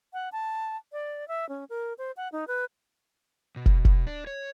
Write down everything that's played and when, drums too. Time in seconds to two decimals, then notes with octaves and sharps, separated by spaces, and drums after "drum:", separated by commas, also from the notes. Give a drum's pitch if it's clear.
0.13 F#5
0.32 A5
0.92 D5
1.28 E5
1.49 C#4
1.69 A#4
1.98 C5
2.17 F#5
2.32 D#4
2.48 B4
3.56 B2
3.66 drum: kick
3.85 drum: kick
4.07 D4
4.27 C#5